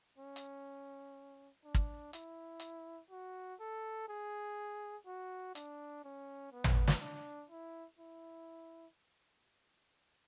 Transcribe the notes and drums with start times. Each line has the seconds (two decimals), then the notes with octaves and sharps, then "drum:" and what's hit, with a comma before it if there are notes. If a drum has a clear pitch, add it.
0.18 C#4
0.36 drum: hi-hat
1.65 D4
1.74 drum: kick
2.13 E4, drum: hi-hat
2.60 drum: hi-hat
3.11 F#4
3.60 A4
4.09 G#4
5.06 F#4
5.55 D4, drum: hi-hat
6.04 C#4
6.53 B3
6.64 drum: tom
6.88 drum: snare
7.01 D4
7.50 E4
7.99 E4